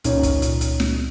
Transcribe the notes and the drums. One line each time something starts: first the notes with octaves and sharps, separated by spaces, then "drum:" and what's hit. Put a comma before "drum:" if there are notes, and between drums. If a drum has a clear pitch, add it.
C#2 A#2 C#4 D#4 C#5, drum: hi-hat
drum: kick, hi-hat
drum: hi-hat
drum: hi-hat
drum: snare